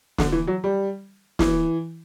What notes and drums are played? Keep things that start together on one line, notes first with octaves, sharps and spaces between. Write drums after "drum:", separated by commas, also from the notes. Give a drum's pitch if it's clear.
D3, drum: snare
E3
F#3
G3
E3, drum: snare